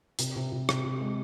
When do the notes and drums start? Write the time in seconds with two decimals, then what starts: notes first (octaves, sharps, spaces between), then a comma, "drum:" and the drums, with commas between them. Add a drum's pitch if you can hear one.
0.19 C3, drum: hi-hat
0.36 C3
0.52 C3
0.69 C3, drum: rim click
0.85 C3
1.01 G#3